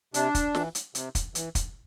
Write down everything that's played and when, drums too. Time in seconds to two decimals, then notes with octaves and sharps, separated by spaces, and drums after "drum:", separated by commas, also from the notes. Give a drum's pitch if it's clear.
0.14 C3 D4, drum: hi-hat
0.35 drum: kick, hi-hat
0.55 E3, drum: snare
0.75 drum: hi-hat
0.95 C3, drum: hi-hat
1.15 drum: kick, hi-hat
1.35 E3, drum: hi-hat
1.55 drum: kick, hi-hat